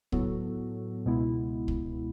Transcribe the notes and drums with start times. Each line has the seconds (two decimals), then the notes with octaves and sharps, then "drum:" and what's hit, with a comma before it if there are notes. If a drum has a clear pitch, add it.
0.12 A2 F#3 B3 F#4 A4, drum: kick
1.06 C#2 B2 G#3 B3 E4
1.68 drum: kick